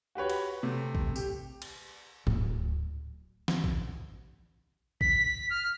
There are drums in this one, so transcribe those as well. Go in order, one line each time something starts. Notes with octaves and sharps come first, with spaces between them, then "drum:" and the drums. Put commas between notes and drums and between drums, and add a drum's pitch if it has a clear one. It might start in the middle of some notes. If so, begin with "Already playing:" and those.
F#4 G4 B4 C#5
drum: cymbal
C3 A3
drum: kick
G4, drum: tambourine
drum: cymbal
D1, drum: tom G#2
drum: snare
drum: kick
B6, drum: kick
F6